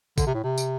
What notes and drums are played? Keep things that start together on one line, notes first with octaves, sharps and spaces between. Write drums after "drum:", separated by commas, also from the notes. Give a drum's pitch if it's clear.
D3, drum: kick, tambourine
C3
A2
C3
drum: tambourine